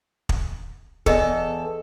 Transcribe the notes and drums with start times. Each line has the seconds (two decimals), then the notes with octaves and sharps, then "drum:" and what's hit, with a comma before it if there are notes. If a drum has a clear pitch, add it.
0.29 drum: kick
1.06 E2 G#4 A4 D#5 E5, drum: kick